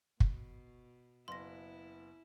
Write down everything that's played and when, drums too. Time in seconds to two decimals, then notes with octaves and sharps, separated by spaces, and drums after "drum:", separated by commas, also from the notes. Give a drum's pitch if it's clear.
0.20 B2, drum: kick
1.28 F#1 B3 E4 C6 A#6